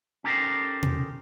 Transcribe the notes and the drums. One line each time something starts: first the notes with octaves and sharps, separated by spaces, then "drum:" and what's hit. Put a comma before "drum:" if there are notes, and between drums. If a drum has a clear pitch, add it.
C#4 D#4 G4 A4 A#4 C5
drum: tom B2